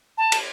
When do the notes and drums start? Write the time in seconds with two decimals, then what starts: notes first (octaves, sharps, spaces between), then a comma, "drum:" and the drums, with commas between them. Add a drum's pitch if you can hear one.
0.18 A5
0.32 drum: cymbal